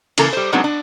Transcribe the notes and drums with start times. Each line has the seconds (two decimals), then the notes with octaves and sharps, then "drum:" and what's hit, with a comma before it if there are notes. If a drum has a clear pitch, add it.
0.18 C#3 E3 A#3 A4 A#4 A#5, drum: cymbal
0.33 G3 C5
0.52 F#3 G#3 B3 C4 D4 D#4
0.64 D4